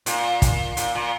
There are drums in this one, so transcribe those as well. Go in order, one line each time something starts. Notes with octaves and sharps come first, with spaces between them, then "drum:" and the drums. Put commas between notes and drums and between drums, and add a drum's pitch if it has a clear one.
A#2, drum: hi-hat
drum: kick, hi-hat
A#2, drum: hi-hat
A#2